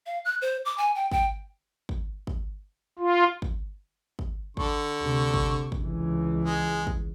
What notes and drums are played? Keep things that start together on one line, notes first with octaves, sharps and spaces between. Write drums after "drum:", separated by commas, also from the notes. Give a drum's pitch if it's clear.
F5
F#6
C5
D6
G#5
G5
G5, drum: kick
drum: kick
drum: kick
F4
drum: kick
drum: kick
D3 C#6, drum: kick
D2 C3
drum: kick
drum: kick
C#2 E3
G#3
drum: kick